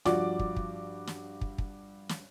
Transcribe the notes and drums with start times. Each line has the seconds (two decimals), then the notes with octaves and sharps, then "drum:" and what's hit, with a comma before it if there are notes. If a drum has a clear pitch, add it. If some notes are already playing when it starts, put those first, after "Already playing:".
0.05 G2 F3 F#4 D5 D6, drum: snare
0.39 drum: kick
0.56 drum: kick
1.07 drum: snare
1.41 drum: kick
1.58 drum: kick
2.09 drum: snare